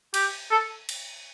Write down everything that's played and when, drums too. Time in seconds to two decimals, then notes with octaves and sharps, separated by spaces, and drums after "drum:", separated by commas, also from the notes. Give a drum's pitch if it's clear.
0.14 G4, drum: cymbal
0.51 A4
0.89 drum: cymbal